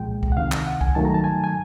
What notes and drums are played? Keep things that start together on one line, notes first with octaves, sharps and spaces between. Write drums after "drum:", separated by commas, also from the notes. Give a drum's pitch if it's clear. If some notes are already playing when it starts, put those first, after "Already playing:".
Already playing: C2 A#2 F3 G#3 G5
drum: kick C2
F#5
D2 C3 D#3 F5
drum: clap
F#5
G#5, drum: kick C2
G2 D#3 F#3 A3 A5
A#5
A5
G#5
G#5